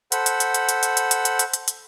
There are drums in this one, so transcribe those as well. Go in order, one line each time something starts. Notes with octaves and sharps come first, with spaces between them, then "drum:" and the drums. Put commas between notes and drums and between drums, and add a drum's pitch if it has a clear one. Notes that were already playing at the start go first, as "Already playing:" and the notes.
A4 C5 F#5 B5, drum: hi-hat
drum: hi-hat
drum: hi-hat
drum: hi-hat
drum: hi-hat
drum: hi-hat
drum: hi-hat
drum: hi-hat
drum: hi-hat
drum: hi-hat
drum: hi-hat
drum: hi-hat